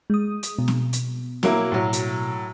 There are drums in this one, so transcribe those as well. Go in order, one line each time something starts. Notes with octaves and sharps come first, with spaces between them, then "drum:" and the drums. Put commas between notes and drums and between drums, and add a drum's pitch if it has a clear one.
G#3 D#6
drum: hi-hat
B2
drum: snare C4
drum: hi-hat
F#3 A#3 E4, drum: snare C4
A2 F#3
drum: hi-hat